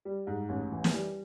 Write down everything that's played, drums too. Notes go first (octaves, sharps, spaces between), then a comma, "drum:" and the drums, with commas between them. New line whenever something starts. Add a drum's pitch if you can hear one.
G3
G#2
A1
E3
drum: snare
G3